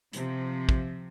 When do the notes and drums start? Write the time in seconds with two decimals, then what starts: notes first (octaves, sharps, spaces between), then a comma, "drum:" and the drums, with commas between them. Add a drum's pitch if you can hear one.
0.13 C3 F3, drum: hi-hat
0.69 drum: kick